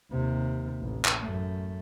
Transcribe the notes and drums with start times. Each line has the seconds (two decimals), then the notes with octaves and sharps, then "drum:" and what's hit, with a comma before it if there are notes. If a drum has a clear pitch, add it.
0.12 D#2 C3
0.82 A1
1.05 drum: clap
1.22 F#2 A3